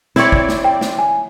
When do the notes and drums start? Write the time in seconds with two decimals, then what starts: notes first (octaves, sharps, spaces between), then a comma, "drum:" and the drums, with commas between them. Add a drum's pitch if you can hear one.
0.16 C4 E4 C#5 D5
0.32 drum: kick
0.49 drum: snare
0.64 G5
0.81 drum: snare
0.99 G#5